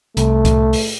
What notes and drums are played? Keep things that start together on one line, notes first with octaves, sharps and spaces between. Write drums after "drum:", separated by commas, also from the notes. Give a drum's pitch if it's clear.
C2 A3, drum: hi-hat
drum: kick C2, hi-hat
drum: open hi-hat